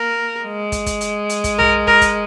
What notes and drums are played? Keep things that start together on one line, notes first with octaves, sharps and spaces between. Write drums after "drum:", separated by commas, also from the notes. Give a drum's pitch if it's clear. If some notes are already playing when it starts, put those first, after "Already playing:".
Already playing: A#3 A#4
G#3
drum: kick, hi-hat
drum: kick, hi-hat
drum: hi-hat
drum: hi-hat
drum: kick, hi-hat
A#4, drum: tom
A#4, drum: kick
drum: kick, hi-hat